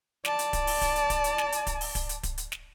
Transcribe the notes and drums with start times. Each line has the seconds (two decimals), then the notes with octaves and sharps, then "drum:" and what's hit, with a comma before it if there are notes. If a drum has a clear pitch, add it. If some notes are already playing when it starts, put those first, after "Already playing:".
0.25 D5 A5, drum: snare
0.39 drum: hi-hat
0.53 drum: kick D1, hi-hat
0.67 drum: open hi-hat
0.81 drum: kick D1, hi-hat
0.96 drum: hi-hat
1.10 drum: kick D1, hi-hat
1.24 drum: hi-hat
1.38 drum: snare
1.52 drum: hi-hat
1.67 drum: kick D1, hi-hat
1.81 drum: open hi-hat
1.95 drum: kick D1, hi-hat
2.09 drum: hi-hat
2.23 drum: kick D1, hi-hat
2.38 drum: hi-hat
2.52 drum: snare